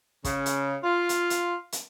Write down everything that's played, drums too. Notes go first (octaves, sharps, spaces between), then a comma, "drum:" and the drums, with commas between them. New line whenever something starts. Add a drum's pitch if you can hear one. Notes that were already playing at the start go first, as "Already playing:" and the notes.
C#3, drum: kick, hi-hat
drum: hi-hat
F4
drum: hi-hat
drum: hi-hat
drum: hi-hat